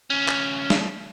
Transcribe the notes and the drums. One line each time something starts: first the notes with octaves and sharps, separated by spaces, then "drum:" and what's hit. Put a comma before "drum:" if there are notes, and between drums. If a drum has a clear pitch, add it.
D2 C#4
drum: clap
drum: snare